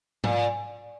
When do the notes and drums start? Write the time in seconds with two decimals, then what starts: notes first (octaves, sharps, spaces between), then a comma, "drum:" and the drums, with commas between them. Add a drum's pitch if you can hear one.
0.24 A#2, drum: tom G#2